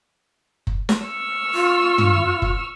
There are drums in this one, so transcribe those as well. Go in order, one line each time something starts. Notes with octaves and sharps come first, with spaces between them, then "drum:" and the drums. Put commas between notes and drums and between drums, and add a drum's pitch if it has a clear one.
drum: kick F#1
drum: snare
C#6 E6 F6
F4
drum: tom
drum: kick F#1